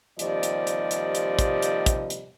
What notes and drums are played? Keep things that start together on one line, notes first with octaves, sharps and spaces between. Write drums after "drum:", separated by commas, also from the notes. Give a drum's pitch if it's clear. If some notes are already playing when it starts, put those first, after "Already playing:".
D#2 C3 F3 G3 D5 D#5, drum: hi-hat
drum: hi-hat
drum: hi-hat
drum: hi-hat
drum: hi-hat
drum: kick, hi-hat
drum: hi-hat
drum: kick, hi-hat
drum: hi-hat